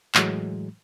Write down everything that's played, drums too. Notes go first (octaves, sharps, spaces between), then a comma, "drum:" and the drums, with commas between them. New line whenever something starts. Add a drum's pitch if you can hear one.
A2 E3 F#3 G#3, drum: clap